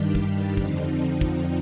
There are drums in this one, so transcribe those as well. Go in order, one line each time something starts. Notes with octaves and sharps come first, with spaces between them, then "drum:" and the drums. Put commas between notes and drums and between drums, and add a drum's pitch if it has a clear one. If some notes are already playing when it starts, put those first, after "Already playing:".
Already playing: G2 D#3 G3 D4 G4
drum: kick
F2 D3 F3 C4 D#4, drum: kick
drum: kick